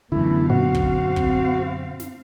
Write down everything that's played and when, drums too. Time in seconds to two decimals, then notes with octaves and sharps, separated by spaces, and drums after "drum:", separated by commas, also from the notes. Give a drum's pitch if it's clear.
0.12 F#2 B2 D3 E3 A3 E4
0.50 A#2 C4 F#4 F5
0.74 drum: kick
1.16 drum: kick
2.00 drum: snare